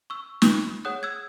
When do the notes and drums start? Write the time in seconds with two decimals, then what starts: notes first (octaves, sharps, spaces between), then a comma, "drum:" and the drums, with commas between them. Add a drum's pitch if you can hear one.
0.10 C#6 E6
0.42 drum: snare
0.85 G#4 C#5 F#5 D#6 F#6
1.03 E6 G#6